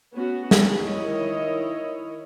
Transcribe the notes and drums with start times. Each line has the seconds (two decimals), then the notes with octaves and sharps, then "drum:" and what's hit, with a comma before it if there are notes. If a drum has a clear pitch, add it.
0.14 B3 C#4 F#4
0.51 drum: snare
0.72 D#3 E4 C#5 D#5